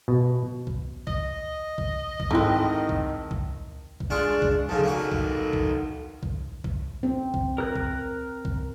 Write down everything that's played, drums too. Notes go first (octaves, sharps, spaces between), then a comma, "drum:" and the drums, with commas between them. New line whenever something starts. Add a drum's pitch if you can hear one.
B2
drum: kick
D#5, drum: kick
drum: kick
drum: kick
G#1 D#3 A3 C4 E4 F#6
drum: kick
drum: kick
drum: kick
G#3 D4 F4 C#6
drum: kick
C#3 F3 D#4 A4
A#3 F#4
drum: kick
drum: kick
drum: kick
drum: kick
C4
drum: kick
A#4 F#6
drum: kick
drum: kick